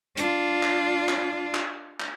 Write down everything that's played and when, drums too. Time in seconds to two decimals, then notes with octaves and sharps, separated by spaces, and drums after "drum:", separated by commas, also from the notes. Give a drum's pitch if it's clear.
0.17 D4 F4, drum: hi-hat
0.63 drum: clap
1.09 drum: clap
1.54 drum: clap
2.00 drum: clap